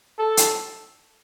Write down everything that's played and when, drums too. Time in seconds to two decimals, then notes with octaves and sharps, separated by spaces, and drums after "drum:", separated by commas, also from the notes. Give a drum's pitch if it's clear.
0.19 A4
0.37 drum: hi-hat